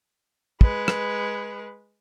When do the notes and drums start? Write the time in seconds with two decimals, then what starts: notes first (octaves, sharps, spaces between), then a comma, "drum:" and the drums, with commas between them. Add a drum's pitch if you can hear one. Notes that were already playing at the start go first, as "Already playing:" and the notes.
0.61 G#3 B4, drum: kick
0.88 drum: rim click